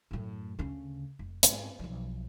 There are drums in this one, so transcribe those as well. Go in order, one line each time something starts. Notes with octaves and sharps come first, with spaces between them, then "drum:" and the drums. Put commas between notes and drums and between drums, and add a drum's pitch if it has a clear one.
F#2 A2
D2 C#3
F1
G#2, drum: hi-hat
B1 F3